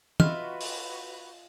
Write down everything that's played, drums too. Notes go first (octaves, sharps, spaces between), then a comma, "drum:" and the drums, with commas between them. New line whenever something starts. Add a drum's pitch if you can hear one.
F4 F#4 B4 D#5 E5 F6, drum: tom
drum: open hi-hat